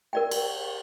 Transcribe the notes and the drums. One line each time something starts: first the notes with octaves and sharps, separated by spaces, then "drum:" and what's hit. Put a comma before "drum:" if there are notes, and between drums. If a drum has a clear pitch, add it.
A#4 D5 G5
drum: cymbal